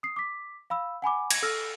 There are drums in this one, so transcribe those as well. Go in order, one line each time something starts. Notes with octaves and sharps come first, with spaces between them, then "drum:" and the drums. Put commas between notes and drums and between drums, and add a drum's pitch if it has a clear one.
D#6 C7
D6 B6
F5 B5 E6
F#5 G#5 B5 D6
G#6 A#6, drum: cymbal
A4 E6 F6 A#6